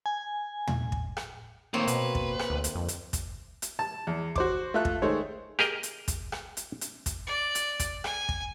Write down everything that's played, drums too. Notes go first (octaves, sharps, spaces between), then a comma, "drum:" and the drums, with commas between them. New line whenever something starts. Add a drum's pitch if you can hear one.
G#5
drum: tom
drum: kick
drum: rim click
A2 D#3 A#3 C4 C#5
B2 B4, drum: hi-hat
drum: kick
drum: rim click
D2
drum: hi-hat
F2
drum: hi-hat
drum: kick, hi-hat
drum: hi-hat
A5
E2
F#4 C5 D6, drum: kick
A3 F4 A4 E5 F#6
drum: kick
D#3 G#3 A3 C5 C#5
G4 G#4 A#4 D#5, drum: rim click
drum: hi-hat
drum: kick, hi-hat
drum: rim click
drum: hi-hat
drum: hi-hat
drum: kick, hi-hat
D5
drum: hi-hat
drum: kick, hi-hat
G#5, drum: rim click
drum: kick